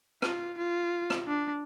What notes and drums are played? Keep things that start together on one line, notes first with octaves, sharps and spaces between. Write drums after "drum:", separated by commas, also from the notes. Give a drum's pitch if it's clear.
F4, drum: rim click
F4
drum: rim click
D4